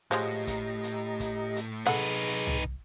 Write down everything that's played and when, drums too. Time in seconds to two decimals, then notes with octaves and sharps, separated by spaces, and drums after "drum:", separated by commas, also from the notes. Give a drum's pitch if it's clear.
0.11 A2 F3 F#3 G#3 G4 D#5 A#5, drum: hi-hat
0.47 drum: kick, hi-hat
0.84 drum: hi-hat
1.20 drum: kick, hi-hat
1.56 drum: hi-hat
1.87 D#4 G#4 A4 B4 F#5
2.29 drum: hi-hat
2.47 drum: tom
2.65 drum: kick